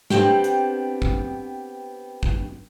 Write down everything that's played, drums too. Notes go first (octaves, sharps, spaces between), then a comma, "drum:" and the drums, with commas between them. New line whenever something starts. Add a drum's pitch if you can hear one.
B3 C4 D4 G4, drum: snare
drum: hi-hat
drum: kick
drum: kick